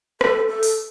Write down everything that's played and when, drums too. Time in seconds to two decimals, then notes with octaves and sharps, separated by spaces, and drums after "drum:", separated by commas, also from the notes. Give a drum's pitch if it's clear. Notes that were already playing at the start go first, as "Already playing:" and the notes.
0.21 A4, drum: rim click
0.48 A4
0.63 drum: open hi-hat